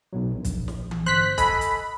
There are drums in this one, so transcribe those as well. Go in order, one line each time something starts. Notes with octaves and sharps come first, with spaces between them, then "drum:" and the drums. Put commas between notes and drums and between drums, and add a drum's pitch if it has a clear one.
B1 B2 F#3
A#1
drum: kick, hi-hat
drum: snare
drum: tom E3
G1 C5 C6 F#6 B6
A4 D#5 G#5 B5, drum: kick, hi-hat
drum: hi-hat